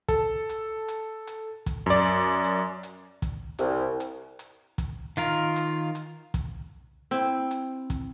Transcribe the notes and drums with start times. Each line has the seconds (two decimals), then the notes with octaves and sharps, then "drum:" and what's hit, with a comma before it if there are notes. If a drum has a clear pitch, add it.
0.08 A4, drum: kick, hi-hat
0.49 drum: hi-hat
0.88 drum: hi-hat
1.27 drum: hi-hat
1.66 drum: kick, hi-hat
1.86 F#2 D5
2.05 drum: hi-hat
2.44 drum: hi-hat
2.83 drum: hi-hat
3.22 drum: kick, hi-hat
3.59 C2, drum: hi-hat
4.00 drum: hi-hat
4.39 drum: hi-hat
4.78 drum: kick, hi-hat
5.17 D#3 F4 A#4, drum: hi-hat
5.56 drum: hi-hat
5.95 drum: hi-hat
6.34 drum: kick, hi-hat
7.11 C4 E4, drum: hi-hat
7.51 drum: hi-hat
7.90 drum: kick, hi-hat